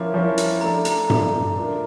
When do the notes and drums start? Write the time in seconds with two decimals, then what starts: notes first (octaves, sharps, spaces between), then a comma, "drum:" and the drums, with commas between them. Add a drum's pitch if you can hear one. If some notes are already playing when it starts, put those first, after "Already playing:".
Already playing: F3 C#4 E4 A#4 D6
0.14 F3 C#4 E4 A#4
0.38 drum: hi-hat
0.61 A3 D4 A4 A#5
0.85 A#5, drum: hi-hat
1.10 A3 D4 A4, drum: tom G2
1.57 A3 D4 F4 A#4